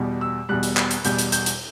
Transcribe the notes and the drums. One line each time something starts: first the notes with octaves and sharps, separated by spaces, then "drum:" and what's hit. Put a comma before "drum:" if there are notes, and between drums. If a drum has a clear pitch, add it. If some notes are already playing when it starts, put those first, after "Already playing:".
Already playing: E2 B2 G3
E6
E2 B2 G3 F#6
drum: hi-hat
drum: clap
drum: hi-hat
E2 B2 G3 G6, drum: hi-hat
drum: hi-hat
G6, drum: hi-hat
drum: hi-hat